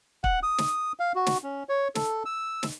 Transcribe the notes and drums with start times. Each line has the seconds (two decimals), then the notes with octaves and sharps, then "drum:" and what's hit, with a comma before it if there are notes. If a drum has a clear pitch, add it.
0.24 F#5, drum: kick
0.43 D#6
0.58 drum: snare
1.00 F5
1.15 F#4
1.26 drum: snare
1.44 C#4
1.69 C#5
1.95 A4, drum: snare
2.25 E6
2.63 drum: snare